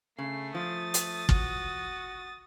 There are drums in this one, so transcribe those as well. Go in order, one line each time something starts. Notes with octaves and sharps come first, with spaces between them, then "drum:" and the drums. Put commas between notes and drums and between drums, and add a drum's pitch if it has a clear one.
C#3 A3 C7
F3 D#6 A6
drum: hi-hat
F#4, drum: kick